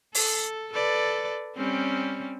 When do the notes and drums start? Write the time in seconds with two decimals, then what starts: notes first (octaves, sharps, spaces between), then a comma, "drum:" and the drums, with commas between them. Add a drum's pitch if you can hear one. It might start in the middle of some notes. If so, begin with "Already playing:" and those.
0.15 A4, drum: open hi-hat
0.73 A4 B4 D5
1.57 G3 C4 C#4